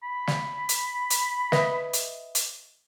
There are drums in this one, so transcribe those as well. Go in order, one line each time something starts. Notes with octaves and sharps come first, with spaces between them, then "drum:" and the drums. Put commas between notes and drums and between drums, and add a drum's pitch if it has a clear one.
B5
drum: snare
drum: hi-hat
drum: hi-hat
B4 D#5 E5, drum: snare
drum: hi-hat
drum: hi-hat